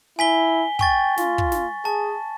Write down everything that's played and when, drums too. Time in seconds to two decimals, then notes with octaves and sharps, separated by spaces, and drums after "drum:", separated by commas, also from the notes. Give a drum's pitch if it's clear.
0.19 E4 G#5 B6 G7
0.79 G5 G#5 C#6 A6, drum: kick
1.17 F4, drum: snare
1.38 drum: kick
1.52 drum: snare
1.85 G#4 A5